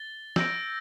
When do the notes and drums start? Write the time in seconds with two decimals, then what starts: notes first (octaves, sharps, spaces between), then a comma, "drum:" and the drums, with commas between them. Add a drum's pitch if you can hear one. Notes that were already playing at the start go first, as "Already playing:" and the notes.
Already playing: A6 G7
0.36 E6 G6 A#6 D7, drum: snare